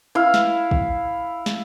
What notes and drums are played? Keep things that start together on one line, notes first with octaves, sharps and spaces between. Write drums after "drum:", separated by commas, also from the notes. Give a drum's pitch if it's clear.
E4 F5
drum: snare
drum: kick
drum: snare